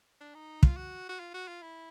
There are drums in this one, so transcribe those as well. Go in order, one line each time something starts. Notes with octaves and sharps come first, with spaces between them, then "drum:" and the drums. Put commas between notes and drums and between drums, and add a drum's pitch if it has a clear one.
D4
D#4
F4, drum: kick
F#4
F#4
F4
F#4
F4
E4